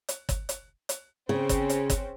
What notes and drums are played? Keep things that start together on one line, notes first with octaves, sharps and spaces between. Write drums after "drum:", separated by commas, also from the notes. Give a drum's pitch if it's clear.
drum: hi-hat
drum: kick, hi-hat
drum: hi-hat
drum: hi-hat
C#3 C4 C#4
drum: kick, hi-hat
drum: hi-hat
drum: kick, hi-hat